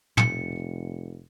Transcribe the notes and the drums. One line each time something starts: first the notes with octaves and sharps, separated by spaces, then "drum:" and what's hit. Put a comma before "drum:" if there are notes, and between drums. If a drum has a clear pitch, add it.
F1 C#7, drum: tom